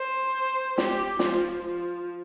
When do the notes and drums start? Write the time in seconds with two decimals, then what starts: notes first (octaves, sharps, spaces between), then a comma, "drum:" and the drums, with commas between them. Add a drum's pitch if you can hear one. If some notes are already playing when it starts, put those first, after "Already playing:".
Already playing: C5
0.78 G4, drum: snare
1.19 F3, drum: snare
1.62 F3